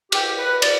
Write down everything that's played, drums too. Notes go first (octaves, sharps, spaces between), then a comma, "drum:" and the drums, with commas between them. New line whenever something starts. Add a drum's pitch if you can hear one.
G4, drum: cymbal
B4
D5, drum: cymbal